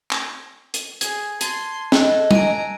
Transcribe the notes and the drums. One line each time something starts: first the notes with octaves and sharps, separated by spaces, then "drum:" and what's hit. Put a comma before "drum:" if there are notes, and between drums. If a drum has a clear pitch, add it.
drum: clap
drum: hi-hat
G#4 G#6, drum: hi-hat
A5 C6 G#6 A6, drum: hi-hat
A4 D#5 E6 F#6, drum: snare
G#5 A#5 D7 D#7, drum: tom